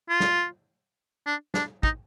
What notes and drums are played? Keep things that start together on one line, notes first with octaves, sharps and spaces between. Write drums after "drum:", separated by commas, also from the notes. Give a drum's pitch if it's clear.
F4
drum: snare
D4
D4, drum: snare
D#4, drum: kick